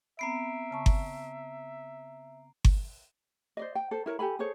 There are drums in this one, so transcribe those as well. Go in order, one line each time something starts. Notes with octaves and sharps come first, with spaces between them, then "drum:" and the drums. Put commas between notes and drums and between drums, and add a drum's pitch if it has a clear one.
B3 C4 E5 A#5 B5 C7 D7
C#3 A5 C#6
drum: kick G1
drum: kick G1
C5 D5 D#5
G5
A4 C5
E4 A#4 C#5
G4 A4 G#5 B5
G#4 A4 C5 C#5